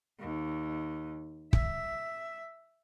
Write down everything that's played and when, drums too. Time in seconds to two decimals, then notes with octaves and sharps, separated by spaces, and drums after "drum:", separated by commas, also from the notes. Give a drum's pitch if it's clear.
0.20 D#2
1.53 E5, drum: kick